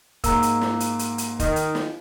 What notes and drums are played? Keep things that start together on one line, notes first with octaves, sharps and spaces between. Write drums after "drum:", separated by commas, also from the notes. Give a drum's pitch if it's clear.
G#2 A#3 A#5 E6, drum: kick, hi-hat
drum: hi-hat
drum: snare
drum: hi-hat
drum: hi-hat
drum: hi-hat
D#3, drum: kick, hi-hat
drum: hi-hat
drum: snare